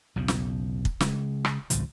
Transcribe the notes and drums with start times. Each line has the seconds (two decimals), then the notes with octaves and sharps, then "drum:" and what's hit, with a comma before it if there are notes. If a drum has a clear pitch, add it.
0.16 B1 E2 C#3
0.28 drum: snare
0.85 drum: kick
1.00 C#3 G#3, drum: snare
1.45 drum: rim click
1.70 G#1 C#2 A2 F3, drum: hi-hat